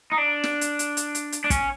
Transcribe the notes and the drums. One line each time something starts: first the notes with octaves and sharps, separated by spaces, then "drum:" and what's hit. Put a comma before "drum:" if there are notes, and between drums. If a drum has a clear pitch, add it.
D#4
D4
drum: snare
drum: hi-hat
drum: hi-hat
drum: hi-hat
drum: hi-hat
drum: hi-hat
D4
C#4, drum: kick, hi-hat